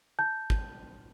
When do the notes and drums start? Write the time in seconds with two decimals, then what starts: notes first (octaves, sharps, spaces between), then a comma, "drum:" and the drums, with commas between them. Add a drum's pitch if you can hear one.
0.19 A5 G6
0.50 drum: kick